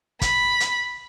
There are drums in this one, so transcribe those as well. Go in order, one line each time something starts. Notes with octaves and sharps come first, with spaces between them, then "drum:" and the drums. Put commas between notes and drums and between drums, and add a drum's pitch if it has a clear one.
B5, drum: kick, hi-hat
drum: hi-hat